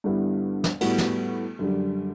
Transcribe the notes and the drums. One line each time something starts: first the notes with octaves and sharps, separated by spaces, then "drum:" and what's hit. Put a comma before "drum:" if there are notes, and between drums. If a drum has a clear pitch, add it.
G2 D3 G3 B3 E4
drum: snare
A2 G3 B3 F#4, drum: cymbal
drum: snare
F#2 D3 G3